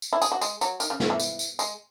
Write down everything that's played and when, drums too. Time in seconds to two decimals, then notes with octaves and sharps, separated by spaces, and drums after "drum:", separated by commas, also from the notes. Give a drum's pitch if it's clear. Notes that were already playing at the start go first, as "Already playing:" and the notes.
0.02 drum: tambourine
0.13 E4
0.22 G#4, drum: tambourine
0.32 F#4
0.41 G#3, drum: tambourine
0.61 F#3, drum: tambourine
0.80 D#3, drum: tambourine
0.90 C#3
1.00 drum: snare
1.10 E3
1.20 drum: tambourine
1.39 drum: tambourine
1.59 G#3, drum: tambourine